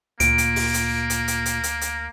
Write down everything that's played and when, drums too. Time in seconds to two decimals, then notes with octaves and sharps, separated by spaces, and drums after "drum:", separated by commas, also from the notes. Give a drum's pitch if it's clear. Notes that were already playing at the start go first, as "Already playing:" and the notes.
0.20 D2 A#2 A#3 D7, drum: hi-hat
0.38 drum: hi-hat
0.56 drum: open hi-hat
0.74 drum: hi-hat
1.10 drum: hi-hat
1.28 drum: hi-hat
1.46 drum: hi-hat
1.63 drum: hi-hat
1.81 drum: hi-hat